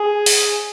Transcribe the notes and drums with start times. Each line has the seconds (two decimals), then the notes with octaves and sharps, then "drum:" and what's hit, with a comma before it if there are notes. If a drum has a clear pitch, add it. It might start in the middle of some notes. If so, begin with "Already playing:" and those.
Already playing: G#4
0.26 drum: open hi-hat